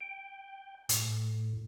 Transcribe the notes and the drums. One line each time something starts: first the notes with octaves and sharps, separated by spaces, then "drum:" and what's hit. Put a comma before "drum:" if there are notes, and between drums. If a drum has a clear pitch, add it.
G5
A2, drum: hi-hat